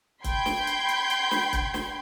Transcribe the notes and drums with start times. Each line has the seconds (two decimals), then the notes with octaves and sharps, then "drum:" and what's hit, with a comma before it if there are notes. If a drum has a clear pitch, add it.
0.24 G5 B5 C6 G6 G#6, drum: kick C#1, hi-hat
0.46 drum: snare
0.67 drum: hi-hat
0.88 drum: hi-hat
1.10 drum: hi-hat
1.31 drum: snare
1.53 drum: kick C#1, hi-hat
1.74 drum: snare